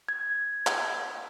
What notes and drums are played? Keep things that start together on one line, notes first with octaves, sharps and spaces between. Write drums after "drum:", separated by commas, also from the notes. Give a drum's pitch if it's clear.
G#6
drum: clap